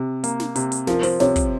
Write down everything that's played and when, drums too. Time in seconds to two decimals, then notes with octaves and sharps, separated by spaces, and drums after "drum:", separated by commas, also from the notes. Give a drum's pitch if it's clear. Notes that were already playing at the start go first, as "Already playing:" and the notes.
Already playing: C3
0.24 A#3, drum: hi-hat
0.40 drum: snare
0.56 C3, drum: hi-hat
0.72 drum: hi-hat
0.87 F3 A#4, drum: snare
1.03 C5, drum: open hi-hat
1.20 C3 C#5, drum: snare
1.36 drum: kick, hi-hat